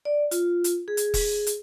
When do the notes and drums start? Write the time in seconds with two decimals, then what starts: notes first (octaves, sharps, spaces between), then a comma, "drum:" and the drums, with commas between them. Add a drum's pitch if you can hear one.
0.05 D5
0.31 F4, drum: hi-hat
0.64 drum: hi-hat
0.88 G#4
0.97 drum: hi-hat
1.14 drum: kick E1, open hi-hat
1.47 drum: hi-hat